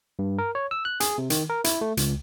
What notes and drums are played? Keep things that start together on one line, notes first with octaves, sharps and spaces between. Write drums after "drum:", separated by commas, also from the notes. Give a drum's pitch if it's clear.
G2
A#4
C#5
E6
F#6
G#4, drum: hi-hat
C3
D#3, drum: hi-hat
A#4
E4, drum: hi-hat
A3
C#2, drum: hi-hat